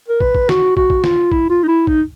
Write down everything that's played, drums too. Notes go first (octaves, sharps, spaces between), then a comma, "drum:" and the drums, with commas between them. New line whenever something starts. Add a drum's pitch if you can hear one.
A#4
B4, drum: kick
drum: kick
F#4, drum: snare
F#4, drum: kick
drum: kick
F4, drum: snare
E4, drum: kick
F4
D#4
E4
D#4, drum: kick